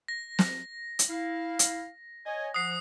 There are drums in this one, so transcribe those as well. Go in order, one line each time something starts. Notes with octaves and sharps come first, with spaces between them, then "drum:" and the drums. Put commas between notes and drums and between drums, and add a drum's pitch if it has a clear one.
A#6
drum: snare
drum: hi-hat
E4 F5
drum: hi-hat
C#5 D#5 G#5
F3 F#5 D#6 C7